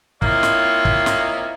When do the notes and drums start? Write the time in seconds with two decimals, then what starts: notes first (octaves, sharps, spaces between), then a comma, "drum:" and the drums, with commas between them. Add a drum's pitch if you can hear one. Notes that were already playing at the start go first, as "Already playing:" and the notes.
0.22 A#3 C4 E4 F4 C#5 D#5, drum: kick
0.43 drum: snare
0.85 drum: kick
1.06 drum: snare